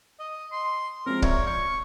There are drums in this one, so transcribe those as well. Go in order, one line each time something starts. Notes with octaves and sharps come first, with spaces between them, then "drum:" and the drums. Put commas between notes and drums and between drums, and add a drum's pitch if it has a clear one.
D#5
C6
F3 G#3 C4 A#4
C#5 D5 E5 A#5, drum: kick
C#6 G6